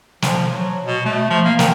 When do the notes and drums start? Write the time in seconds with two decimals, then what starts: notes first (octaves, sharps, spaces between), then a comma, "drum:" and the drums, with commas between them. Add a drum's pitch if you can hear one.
0.22 F3, drum: snare
0.52 F#3
0.86 B2
1.05 A3
1.30 F3
1.45 A#3
1.59 D#3, drum: snare